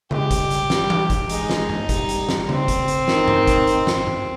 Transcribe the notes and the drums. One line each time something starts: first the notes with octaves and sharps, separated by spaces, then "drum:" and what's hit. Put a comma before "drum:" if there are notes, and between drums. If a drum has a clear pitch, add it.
G#3 G4, drum: tom C#3
drum: kick G1, hi-hat
G3
drum: hi-hat
G3, drum: snare
drum: tom E3
drum: kick G1, hi-hat
G#3 D#4, drum: hi-hat
drum: snare
drum: tom G2
G3, drum: kick G1, hi-hat
drum: hi-hat
drum: snare
C4, drum: tom C#3
drum: kick G1, hi-hat
drum: hi-hat
D#3, drum: snare
drum: tom G2
drum: kick G1, hi-hat
drum: hi-hat
drum: snare
drum: tom G2